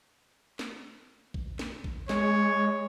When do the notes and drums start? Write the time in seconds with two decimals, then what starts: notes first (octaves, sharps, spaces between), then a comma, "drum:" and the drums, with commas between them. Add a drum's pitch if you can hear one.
0.59 drum: snare
1.34 drum: kick A#1
1.59 drum: snare
1.84 drum: kick A#1
2.09 G#3 C#5, drum: snare